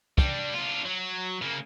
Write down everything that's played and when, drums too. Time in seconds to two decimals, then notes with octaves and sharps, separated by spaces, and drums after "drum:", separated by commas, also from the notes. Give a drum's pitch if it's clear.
0.18 G3 D4, drum: kick
0.54 D4 F4
0.85 F#3
1.42 C#3 A#3